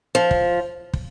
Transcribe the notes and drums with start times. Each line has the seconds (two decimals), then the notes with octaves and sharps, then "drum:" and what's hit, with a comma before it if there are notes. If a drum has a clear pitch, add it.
0.15 F3
0.31 drum: kick
0.94 drum: kick